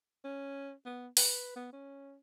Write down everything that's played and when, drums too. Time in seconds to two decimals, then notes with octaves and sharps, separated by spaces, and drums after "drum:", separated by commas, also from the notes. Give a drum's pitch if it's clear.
0.24 C#4
0.86 B3
1.17 B4, drum: open hi-hat
1.56 B3
1.73 C#4